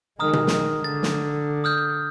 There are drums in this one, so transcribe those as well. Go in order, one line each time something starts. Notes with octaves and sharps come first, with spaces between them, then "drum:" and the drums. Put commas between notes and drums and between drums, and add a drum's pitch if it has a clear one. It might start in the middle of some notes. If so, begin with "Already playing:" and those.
D#3 G#3 A#5 D#6 F6
drum: tom B2
drum: snare
D3 A6
drum: snare
D#6 F6 G6